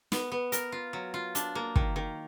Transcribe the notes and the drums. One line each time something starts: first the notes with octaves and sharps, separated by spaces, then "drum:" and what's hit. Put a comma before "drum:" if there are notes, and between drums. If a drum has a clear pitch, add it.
B3, drum: snare
B3
A#4, drum: hi-hat
F4
F#3
F4
D4, drum: hi-hat
A#3
D#3, drum: kick
D#3